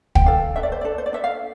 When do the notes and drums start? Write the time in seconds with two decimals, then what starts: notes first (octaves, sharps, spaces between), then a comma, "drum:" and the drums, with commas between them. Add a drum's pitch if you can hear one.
0.15 G5, drum: kick
0.26 D4 A4 F5
0.55 D4 A4 E5
0.63 D5
0.72 C5
0.81 D4 A4 D5
0.98 C5
1.06 D5
1.13 D4 A4 E5
1.24 F5